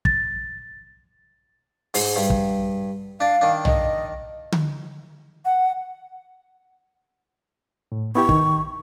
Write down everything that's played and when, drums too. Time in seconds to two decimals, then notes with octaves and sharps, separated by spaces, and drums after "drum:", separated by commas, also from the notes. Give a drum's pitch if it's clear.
0.05 A6, drum: kick
1.94 G#2, drum: open hi-hat
2.16 G2
2.30 drum: kick
3.20 D4 D5 F5
3.41 D#3 D4
3.65 D#5, drum: tom
4.52 drum: tom D3
5.45 F#5
7.92 A2
8.15 B3 E4 G4 C#6
8.29 D#3, drum: kick